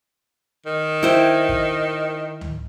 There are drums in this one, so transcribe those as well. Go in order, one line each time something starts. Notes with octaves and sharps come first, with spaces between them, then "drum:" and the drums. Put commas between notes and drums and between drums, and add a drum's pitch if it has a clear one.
D#3
E4 C5 G5
drum: kick
drum: tom C#2